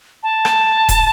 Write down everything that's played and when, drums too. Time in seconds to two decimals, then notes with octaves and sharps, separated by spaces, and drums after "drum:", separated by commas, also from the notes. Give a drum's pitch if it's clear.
0.23 A5
0.45 drum: rim click
0.89 drum: kick D#1, hi-hat